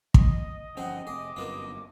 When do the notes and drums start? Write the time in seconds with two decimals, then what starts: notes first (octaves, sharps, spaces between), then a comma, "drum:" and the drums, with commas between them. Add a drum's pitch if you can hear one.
0.14 D#5, drum: kick
0.77 G1 F3 C4 C#4 D#4 G#4 F#5
1.07 F1 C4 G#4 D6
1.36 G1 F#2 A#3 B3 F4